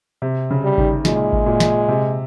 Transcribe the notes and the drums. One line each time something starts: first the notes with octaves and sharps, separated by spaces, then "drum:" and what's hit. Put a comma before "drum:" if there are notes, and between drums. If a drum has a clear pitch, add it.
C3
C#3
G3
D#3, drum: kick G#1
A#2 G#3, drum: snare
drum: kick G#1
A#2
drum: snare
C3